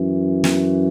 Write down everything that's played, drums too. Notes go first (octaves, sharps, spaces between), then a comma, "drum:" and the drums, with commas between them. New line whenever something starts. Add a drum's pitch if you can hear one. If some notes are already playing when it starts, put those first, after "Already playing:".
Already playing: F#2 E3
drum: snare